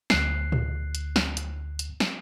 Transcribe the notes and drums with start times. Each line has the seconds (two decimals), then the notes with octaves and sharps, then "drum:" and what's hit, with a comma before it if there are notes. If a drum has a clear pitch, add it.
0.10 D2 F#6 C7, drum: snare
0.52 drum: tom A2
0.95 drum: hi-hat
1.16 drum: snare
1.37 drum: hi-hat
1.79 drum: hi-hat
2.00 drum: snare